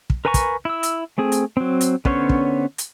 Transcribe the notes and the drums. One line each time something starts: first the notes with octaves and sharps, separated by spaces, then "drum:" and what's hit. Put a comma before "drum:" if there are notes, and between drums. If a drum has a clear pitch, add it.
drum: kick
A#4 B4 G#5 A#5 C#6
drum: kick, hi-hat
E4 E6
drum: hi-hat
A3 C4 G#4
drum: hi-hat
F#3 C4
drum: hi-hat
D3 B3 C#4 C5 C#5, drum: kick
drum: kick
drum: hi-hat